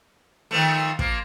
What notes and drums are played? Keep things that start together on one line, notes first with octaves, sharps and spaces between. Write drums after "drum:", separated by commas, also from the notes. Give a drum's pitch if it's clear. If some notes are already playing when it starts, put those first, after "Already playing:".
D#3 F3 A3
F3 A#3, drum: kick